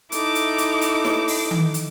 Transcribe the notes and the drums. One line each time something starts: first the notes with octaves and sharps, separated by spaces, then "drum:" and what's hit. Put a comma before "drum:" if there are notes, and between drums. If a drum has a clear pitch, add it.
D#4 E4 A4 D6, drum: hi-hat
drum: hi-hat
drum: hi-hat
drum: hi-hat
drum: snare
drum: open hi-hat
drum: tom D#3
drum: hi-hat